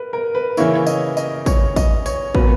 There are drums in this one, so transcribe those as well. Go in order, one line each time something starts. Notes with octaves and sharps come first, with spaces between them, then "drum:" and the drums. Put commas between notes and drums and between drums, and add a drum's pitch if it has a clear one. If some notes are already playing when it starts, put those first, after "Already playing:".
Already playing: A#4 B4
A#4
B4
C#3 E3 A#3 E4 C#5, drum: tambourine
C#5
D#5, drum: tambourine
D#5, drum: tambourine
C#5, drum: kick, tambourine
D#5, drum: kick, tambourine
C#5, drum: tambourine
A#2 F#3 B3 B4, drum: kick